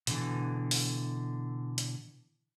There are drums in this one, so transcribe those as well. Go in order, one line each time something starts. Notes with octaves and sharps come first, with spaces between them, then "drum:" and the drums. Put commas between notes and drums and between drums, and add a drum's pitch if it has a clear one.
B2 D3 E3, drum: hi-hat
drum: open hi-hat
drum: hi-hat